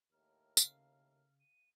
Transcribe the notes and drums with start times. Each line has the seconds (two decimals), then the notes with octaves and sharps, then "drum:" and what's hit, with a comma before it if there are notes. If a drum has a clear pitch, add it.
0.12 D#2 A2 A#4 F6
0.57 C#3 F5, drum: tambourine
1.40 D#7